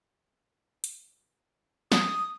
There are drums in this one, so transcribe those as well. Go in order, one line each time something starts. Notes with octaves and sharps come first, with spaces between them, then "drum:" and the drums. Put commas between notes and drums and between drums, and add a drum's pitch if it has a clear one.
drum: hi-hat
D#6, drum: snare